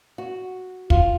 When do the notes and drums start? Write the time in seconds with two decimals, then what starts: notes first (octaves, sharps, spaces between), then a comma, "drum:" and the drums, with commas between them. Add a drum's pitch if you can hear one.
0.18 F#4
0.90 F4, drum: kick